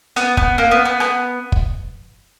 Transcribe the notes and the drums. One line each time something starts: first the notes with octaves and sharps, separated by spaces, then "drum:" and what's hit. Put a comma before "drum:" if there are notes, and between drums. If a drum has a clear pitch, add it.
B3, drum: hi-hat
B3, drum: kick
A#3
B3
B3
B3, drum: rim click
drum: kick